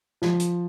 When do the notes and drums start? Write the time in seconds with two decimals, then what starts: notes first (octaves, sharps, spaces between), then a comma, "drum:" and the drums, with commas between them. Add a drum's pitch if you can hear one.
0.22 F3, drum: snare
0.40 drum: hi-hat